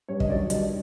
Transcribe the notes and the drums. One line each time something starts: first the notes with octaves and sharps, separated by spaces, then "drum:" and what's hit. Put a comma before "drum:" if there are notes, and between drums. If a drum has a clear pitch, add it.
G2 C#5
D#5, drum: kick
D#3 F#3 D5
G2 D#5, drum: hi-hat